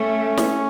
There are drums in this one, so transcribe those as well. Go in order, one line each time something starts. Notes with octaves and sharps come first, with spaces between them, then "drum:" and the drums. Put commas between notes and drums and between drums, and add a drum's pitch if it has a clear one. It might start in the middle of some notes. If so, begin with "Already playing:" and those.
Already playing: A3 C#4
drum: snare